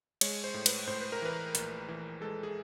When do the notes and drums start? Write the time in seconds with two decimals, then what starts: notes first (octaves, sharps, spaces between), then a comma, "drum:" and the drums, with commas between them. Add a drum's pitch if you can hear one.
0.21 G#3 C#5, drum: cymbal
0.44 C5
0.54 A2
0.66 B4, drum: cymbal
0.87 A2 C5
1.01 B4
1.12 A#4
1.22 E3 B4
1.55 A#1, drum: hi-hat
1.88 E3
2.21 G#3 A4
2.43 G#4